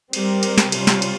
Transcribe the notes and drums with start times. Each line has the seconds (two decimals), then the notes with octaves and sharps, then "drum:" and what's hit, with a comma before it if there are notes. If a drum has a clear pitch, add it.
0.13 G3 C4 G4 A#4, drum: cymbal
0.43 drum: cymbal
0.58 drum: snare
0.72 C3 G3 C#4 F4, drum: cymbal
0.87 drum: snare
1.02 drum: cymbal